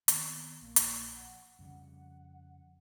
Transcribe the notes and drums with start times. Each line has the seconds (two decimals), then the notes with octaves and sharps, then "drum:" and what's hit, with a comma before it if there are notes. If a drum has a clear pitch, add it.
0.08 D#3 B3 C4, drum: hi-hat
0.61 A#1 A#3
0.76 drum: hi-hat
1.15 F#5
1.59 F2 C#3 G3